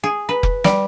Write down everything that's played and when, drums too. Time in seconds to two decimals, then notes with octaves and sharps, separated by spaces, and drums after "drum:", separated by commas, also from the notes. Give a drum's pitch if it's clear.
0.04 G#4
0.29 B4
0.43 drum: kick F1
0.64 G3, drum: snare